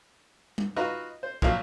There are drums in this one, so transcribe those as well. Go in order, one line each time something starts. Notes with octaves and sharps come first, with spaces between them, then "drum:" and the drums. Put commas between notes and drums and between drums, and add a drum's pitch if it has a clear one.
drum: tom G3
D#4 F4 F#4 B4 D#5 A#5
C5
A#2 F3 F#3 A#3, drum: kick